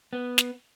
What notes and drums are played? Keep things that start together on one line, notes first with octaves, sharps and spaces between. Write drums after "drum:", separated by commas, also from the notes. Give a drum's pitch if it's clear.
B3
drum: snare